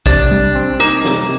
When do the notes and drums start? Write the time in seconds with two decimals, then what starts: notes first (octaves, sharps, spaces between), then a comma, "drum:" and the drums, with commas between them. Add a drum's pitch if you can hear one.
0.06 C3 D4, drum: kick
0.31 G3
0.55 C4
0.79 A#3 D#4
1.05 C3, drum: snare